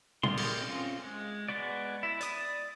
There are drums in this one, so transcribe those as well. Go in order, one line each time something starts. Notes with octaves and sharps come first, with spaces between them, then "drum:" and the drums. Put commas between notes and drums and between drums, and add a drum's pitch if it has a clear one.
G4 G#4 A#4 D5 C6, drum: tom A#2
drum: cymbal
C4 C#4 F4
G#3
G#3 B3 F#4 D5
E4
D5 D#6, drum: hi-hat